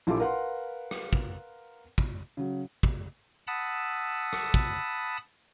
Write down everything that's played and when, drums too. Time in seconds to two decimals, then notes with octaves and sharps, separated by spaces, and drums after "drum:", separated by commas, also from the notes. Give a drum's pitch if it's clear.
0.07 A#1 E4 F4 G4 A4 D6
0.20 A#4 B4 F5 F#5 C6
0.91 drum: rim click
1.13 drum: kick
1.98 drum: kick
2.37 C#3 F#3
2.83 drum: kick
3.47 F#5 A5 B5 D#6 E6
4.33 drum: rim click
4.54 drum: kick